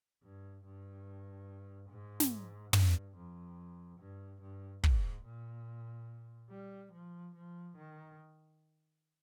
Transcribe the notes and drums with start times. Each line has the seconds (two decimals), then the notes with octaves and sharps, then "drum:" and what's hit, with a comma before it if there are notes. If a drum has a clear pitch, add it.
0.23 G2
0.65 G2
1.90 G#2
2.20 drum: snare
2.73 G2, drum: tom
3.16 F2
3.99 G2
4.41 G2
4.84 G#2, drum: kick
5.25 A#2
6.50 G3
6.92 F3
7.35 F3
7.77 D#3